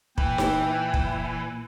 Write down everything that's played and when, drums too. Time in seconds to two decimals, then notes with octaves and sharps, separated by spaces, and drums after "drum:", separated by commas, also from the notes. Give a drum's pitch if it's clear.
0.18 A#2 E3 G5, drum: kick
0.38 drum: snare D#4
0.94 drum: kick